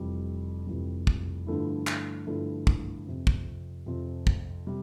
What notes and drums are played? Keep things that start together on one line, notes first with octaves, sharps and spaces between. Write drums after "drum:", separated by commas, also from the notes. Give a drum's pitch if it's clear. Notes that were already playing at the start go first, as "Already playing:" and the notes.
Already playing: F1 F2 E3 G3
F1 F2 E3 G3
drum: kick
G2 D3 F3 A3 E4
drum: clap
G2 D3 F3 A3 E4
drum: kick
F2 C3 F3 C4
drum: kick
F2 C3 F3 C4
drum: kick
C3 G3